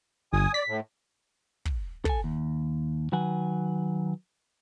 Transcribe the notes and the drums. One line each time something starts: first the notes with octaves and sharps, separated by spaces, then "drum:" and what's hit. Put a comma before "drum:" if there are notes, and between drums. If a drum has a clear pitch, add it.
G1 G#5 D#6
D5 B6
A2
drum: kick
A4 G#5, drum: kick
D#2
D#3 F#3 B4 F#5 G#5